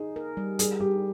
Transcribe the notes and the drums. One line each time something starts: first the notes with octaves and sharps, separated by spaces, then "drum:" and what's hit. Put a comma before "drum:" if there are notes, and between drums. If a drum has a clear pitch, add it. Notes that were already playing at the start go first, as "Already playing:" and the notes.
Already playing: D#4 G#4
A#4
G3
G3 G#4, drum: hi-hat
G3 G4